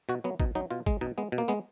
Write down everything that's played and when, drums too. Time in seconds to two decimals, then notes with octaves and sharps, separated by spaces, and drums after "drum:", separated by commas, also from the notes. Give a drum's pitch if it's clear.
0.09 B2 F#4
0.24 F#3 B3
0.40 B2 D#4, drum: kick
0.55 F#3 D#4
0.70 B2 F4
0.86 G#3, drum: kick
1.01 B2 D#4
1.18 G#3 B3
1.32 B2
1.38 A#3
1.48 G#3 B3